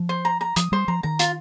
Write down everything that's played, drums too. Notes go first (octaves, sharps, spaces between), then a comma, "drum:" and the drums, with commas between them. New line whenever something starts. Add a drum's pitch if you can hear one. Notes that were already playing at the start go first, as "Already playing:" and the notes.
Already playing: F3
C5
A#5
A#5
F3 D#6, drum: hi-hat
G3 C5
F3 A#5
D#3 A#5
F4, drum: hi-hat